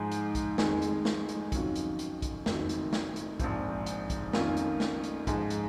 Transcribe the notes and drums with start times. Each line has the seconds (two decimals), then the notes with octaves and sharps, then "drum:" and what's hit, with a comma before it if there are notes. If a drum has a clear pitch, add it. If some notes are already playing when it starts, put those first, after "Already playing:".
Already playing: G#2 F3 G#3 D#4
0.11 drum: hi-hat
0.35 drum: kick, hi-hat
0.58 F2 D#3 G#3, drum: snare
0.82 drum: hi-hat
1.05 drum: snare
1.29 drum: hi-hat
1.52 F2 D#3 F#3 C#4 F4, drum: kick, hi-hat
1.75 drum: hi-hat
1.99 drum: hi-hat
2.22 drum: kick, hi-hat
2.46 F#1 F2 D#3 F#3, drum: snare
2.69 drum: hi-hat
2.93 drum: snare
3.16 drum: hi-hat
3.40 A#1 G#2 F3 C4, drum: kick, hi-hat
3.86 drum: hi-hat
4.10 drum: kick, hi-hat
4.33 F2 D#3 A#3 C#4 F4, drum: snare
4.57 drum: hi-hat
4.80 drum: snare
5.04 drum: hi-hat
5.27 G#2 F3 G#3 D#4, drum: kick, hi-hat
5.50 drum: hi-hat